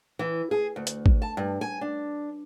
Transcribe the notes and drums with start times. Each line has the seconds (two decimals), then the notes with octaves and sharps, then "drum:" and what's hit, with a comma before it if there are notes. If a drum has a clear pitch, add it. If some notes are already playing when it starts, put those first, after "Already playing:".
0.19 E3
0.51 G#4
0.76 D2
0.87 drum: hi-hat
1.06 drum: kick
1.22 A5
1.37 G2
1.61 G#5
1.81 D4